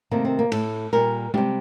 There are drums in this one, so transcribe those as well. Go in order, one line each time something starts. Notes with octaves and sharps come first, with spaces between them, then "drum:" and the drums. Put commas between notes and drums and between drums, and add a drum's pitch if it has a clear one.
C3 D#3 A3 A#3
C4
A#3
A2 A3 A4, drum: cymbal
A#2 G3 A#4
C3 G3 G4, drum: tom G#3